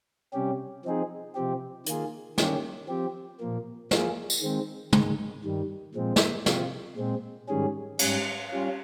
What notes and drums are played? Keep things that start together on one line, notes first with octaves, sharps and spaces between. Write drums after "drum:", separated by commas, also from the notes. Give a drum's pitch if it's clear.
C3 G3 C#4 G4
F3 C4 D#4 G#4
C3 F3 C4 G4
D#3 A#3 F4 G#4, drum: hi-hat
D#3 G3 A#3 C#4 G4, drum: snare
F3 C4 G4
A#2 F3 A#3
F3 A#3 F4 G#4, drum: snare
drum: tambourine
D#3 G#3 C4
G#2 D#3 G#3, drum: tom
G2 D#3 G3
A#2 F3 G#3 C4
drum: snare
C3 F3 C4 F4, drum: snare
A#2 G#3 C4
G#2 D#3 G3 C#4 G#4
G#2 G3 C#4, drum: cymbal
G3 C#4 F4